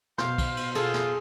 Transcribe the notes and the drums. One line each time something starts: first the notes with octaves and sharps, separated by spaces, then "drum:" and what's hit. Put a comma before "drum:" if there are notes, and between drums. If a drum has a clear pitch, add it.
B2 C5 F5, drum: snare
drum: kick, cymbal
drum: cymbal
F4 G#4 A4, drum: cymbal
drum: snare